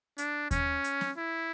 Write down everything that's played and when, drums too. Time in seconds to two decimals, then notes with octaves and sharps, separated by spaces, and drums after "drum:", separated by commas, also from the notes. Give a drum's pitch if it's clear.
0.18 D4, drum: hi-hat
0.51 C#4, drum: kick D#2, hi-hat
0.84 drum: hi-hat
1.01 drum: snare
1.17 E4